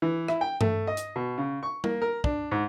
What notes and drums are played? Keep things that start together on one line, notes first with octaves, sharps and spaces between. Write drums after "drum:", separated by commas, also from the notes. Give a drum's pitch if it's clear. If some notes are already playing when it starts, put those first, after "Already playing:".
E3
E4, drum: rim click
G5
A3, drum: tom G2
D#5
drum: hi-hat
B2
C#3
C#6
A#3, drum: tom G3
A#4
D4, drum: kick
G#2